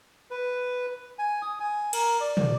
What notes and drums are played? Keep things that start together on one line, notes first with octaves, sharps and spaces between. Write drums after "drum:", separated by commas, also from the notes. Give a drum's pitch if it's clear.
B4
G#5
D#6
G#5
A#4, drum: cymbal
D5
drum: tom